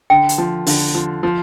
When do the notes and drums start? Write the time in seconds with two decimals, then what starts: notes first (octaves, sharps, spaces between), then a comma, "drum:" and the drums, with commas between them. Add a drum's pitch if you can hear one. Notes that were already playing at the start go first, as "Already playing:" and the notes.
0.10 D3 G5
0.29 drum: hi-hat
0.38 F3
0.67 D3, drum: open hi-hat
0.95 F3
1.23 F3